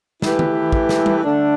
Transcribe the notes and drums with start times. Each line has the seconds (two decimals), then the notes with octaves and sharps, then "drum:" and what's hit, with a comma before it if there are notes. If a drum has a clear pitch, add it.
0.22 E3 A3 E4 G4 B4, drum: snare
0.39 drum: tom D#3
0.73 drum: kick
0.89 drum: snare
1.06 drum: tom G3
1.23 D3 A3 D4